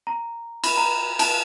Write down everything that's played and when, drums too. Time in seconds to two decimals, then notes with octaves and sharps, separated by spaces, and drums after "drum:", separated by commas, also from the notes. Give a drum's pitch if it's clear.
0.07 A#5
0.64 B5, drum: cymbal
0.77 A#5
1.19 A5, drum: cymbal